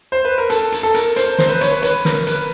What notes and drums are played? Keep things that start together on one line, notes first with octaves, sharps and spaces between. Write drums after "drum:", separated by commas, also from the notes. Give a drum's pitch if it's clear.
C5
B4
A#4
A4, drum: hi-hat
drum: hi-hat
A4
A#4, drum: hi-hat
C5, drum: hi-hat
C5, drum: snare
B4
C#5, drum: hi-hat
B4
B4, drum: hi-hat
A#4, drum: snare
B4, drum: hi-hat